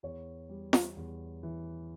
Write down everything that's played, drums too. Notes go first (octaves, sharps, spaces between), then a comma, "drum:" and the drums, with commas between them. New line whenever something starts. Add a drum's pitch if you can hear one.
E2 C#5
G3
drum: snare
E2
E3